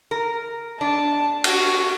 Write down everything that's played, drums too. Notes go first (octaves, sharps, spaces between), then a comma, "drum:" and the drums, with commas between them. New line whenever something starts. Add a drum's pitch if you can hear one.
A#4
D4 A5
F#4, drum: cymbal